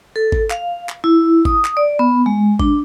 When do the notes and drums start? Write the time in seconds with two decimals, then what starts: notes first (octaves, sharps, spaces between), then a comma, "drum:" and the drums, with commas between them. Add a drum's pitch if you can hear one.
0.16 A4
0.32 drum: kick G#1
0.50 F5, drum: clap
0.89 drum: clap
1.04 E4
1.45 D#6, drum: kick G#1
1.65 drum: clap
1.77 D5
1.99 B3
2.26 G#3
2.60 D4, drum: kick G#1